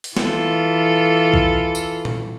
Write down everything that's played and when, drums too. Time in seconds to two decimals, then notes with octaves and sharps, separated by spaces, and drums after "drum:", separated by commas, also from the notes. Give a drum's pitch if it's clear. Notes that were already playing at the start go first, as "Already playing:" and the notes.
0.04 drum: open hi-hat
0.17 E3 F4 A4, drum: snare
1.34 drum: kick B1
1.75 drum: tambourine
2.05 drum: tom A#2